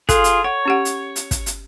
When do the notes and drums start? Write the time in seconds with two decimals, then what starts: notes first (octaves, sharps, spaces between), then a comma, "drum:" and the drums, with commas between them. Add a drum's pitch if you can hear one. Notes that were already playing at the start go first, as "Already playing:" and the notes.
0.09 F4 G#4 A4, drum: kick, hi-hat
0.24 drum: hi-hat
0.44 C#5 F#5
0.65 C#4 G4 F#5
0.85 drum: hi-hat
1.16 drum: hi-hat
1.31 drum: kick, hi-hat
1.46 drum: hi-hat